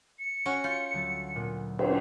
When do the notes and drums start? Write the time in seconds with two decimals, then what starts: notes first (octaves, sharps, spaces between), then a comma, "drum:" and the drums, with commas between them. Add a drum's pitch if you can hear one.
0.19 C#7
0.46 C#4 F#4
0.64 F4 G6
0.93 D2 F#3 A6
1.35 A#2 B3
1.79 drum: cymbal